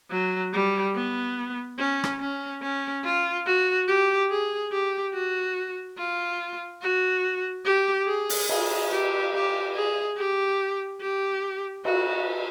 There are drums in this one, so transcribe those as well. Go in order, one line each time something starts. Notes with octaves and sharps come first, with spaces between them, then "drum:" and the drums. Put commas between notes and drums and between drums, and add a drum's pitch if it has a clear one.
F#3
G3
B3
C#4
drum: rim click
C#4
C#4
F4
F#4
G4
G#4
G4
F#4
F4
F#4
G4
G#4
drum: open hi-hat
G#4, drum: cymbal
G4
G4
G#4
G4
G4
F#4, drum: cymbal